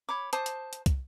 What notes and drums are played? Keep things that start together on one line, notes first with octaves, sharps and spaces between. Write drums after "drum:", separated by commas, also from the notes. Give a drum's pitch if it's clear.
C#5 B5 D6
C5 A5 D6 D#6, drum: hi-hat
drum: hi-hat
drum: hi-hat
drum: kick, hi-hat